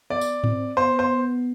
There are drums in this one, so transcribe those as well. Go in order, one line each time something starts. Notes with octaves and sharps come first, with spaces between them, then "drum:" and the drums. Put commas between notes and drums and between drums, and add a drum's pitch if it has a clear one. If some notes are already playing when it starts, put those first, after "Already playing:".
B3 D5
drum: tambourine
C4, drum: tom G#2
B3 C5
C5